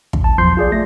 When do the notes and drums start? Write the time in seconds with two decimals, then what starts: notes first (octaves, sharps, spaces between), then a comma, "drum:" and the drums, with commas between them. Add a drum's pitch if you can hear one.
0.13 drum: kick
0.24 A5
0.38 B1 E2 F3 C6 G6 C7
0.57 F4 G#4 D5
0.72 A3 A#6